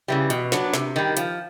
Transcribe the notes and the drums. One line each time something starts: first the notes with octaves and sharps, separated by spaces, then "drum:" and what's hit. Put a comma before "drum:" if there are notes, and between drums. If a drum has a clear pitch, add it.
C#3 E3 G3
B2, drum: hi-hat
F#3 B3 D4, drum: snare
C3, drum: snare
D#3 G3
F3, drum: hi-hat